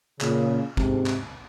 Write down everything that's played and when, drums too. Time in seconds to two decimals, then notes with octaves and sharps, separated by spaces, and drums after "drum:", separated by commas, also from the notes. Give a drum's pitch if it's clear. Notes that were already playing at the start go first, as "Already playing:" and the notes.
0.21 A#2 C#3, drum: clap
0.77 G#2 C3, drum: kick
1.06 drum: clap